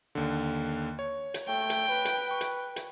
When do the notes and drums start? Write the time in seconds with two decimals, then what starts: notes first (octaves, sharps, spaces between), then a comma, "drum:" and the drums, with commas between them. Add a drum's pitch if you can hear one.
0.15 D#2 D3
0.99 C#5
1.34 drum: hi-hat
1.48 A3 G5
1.70 drum: hi-hat
1.89 B4
2.05 drum: hi-hat
2.31 C#6
2.41 drum: hi-hat
2.76 drum: hi-hat